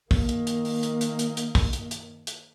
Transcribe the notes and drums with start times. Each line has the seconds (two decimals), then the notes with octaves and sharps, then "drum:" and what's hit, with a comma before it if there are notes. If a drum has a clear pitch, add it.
0.11 D#3 A#3, drum: kick, open hi-hat
0.29 drum: hi-hat
0.47 drum: hi-hat
0.65 drum: open hi-hat
0.83 drum: hi-hat
1.01 drum: hi-hat
1.19 drum: hi-hat
1.37 drum: hi-hat
1.55 drum: kick, open hi-hat
1.73 drum: hi-hat
1.91 drum: hi-hat
2.27 drum: hi-hat